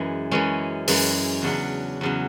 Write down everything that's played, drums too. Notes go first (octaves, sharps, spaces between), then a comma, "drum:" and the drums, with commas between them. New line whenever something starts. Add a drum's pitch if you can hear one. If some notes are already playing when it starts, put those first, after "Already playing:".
Already playing: F#2 E3 G#3
F#2 E3 G#3 C#4
F#2 E3 G#3, drum: open hi-hat
E2 C#3 F#3 D4
E2 C#3 F#3